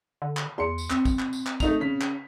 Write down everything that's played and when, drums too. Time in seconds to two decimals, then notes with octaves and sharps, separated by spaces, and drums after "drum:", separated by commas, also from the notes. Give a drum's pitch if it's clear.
0.22 D3
0.37 drum: clap
0.58 E2 C6 C#7
0.78 drum: tambourine
0.90 C4, drum: clap
1.05 drum: kick, tambourine
1.19 drum: clap
1.33 drum: tambourine
1.47 drum: clap
1.60 A3 D#4 F7, drum: kick, tambourine
1.80 C#3 B6
2.01 drum: clap